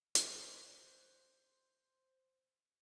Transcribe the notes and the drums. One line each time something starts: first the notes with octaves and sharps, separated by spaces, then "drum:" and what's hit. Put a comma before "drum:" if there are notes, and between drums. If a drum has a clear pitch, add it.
C5 F#6, drum: hi-hat